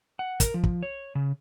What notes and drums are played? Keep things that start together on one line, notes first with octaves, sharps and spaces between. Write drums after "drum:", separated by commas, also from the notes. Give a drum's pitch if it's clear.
F#5
A#4, drum: kick, hi-hat
F3
drum: kick
C#5
C#3